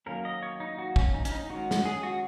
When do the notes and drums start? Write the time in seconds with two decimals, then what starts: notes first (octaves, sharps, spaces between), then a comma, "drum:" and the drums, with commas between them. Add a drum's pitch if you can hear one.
0.06 D#3 F#3 A#3 C#4 A#4
0.25 D#5
0.43 C#5
0.60 D#4
0.79 F#4
0.96 C#4, drum: kick
1.14 D#4
1.25 C#4, drum: hi-hat
1.32 D#4
1.50 D#3 G#3 C#4 F#4
1.71 drum: snare
1.85 G#4
2.03 F#4